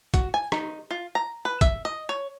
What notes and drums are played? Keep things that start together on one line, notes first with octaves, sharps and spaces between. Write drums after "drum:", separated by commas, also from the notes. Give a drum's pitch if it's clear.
F#4, drum: kick, hi-hat
G#5
D#4, drum: rim click
F4
A#5
B4
E5, drum: kick, hi-hat
D#5
C#5